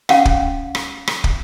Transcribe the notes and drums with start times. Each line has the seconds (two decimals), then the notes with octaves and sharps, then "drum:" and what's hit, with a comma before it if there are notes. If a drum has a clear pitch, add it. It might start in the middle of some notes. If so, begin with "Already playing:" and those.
0.09 C#4 F5 F#5, drum: rim click
0.25 drum: kick
0.75 drum: rim click
1.08 drum: rim click
1.24 drum: kick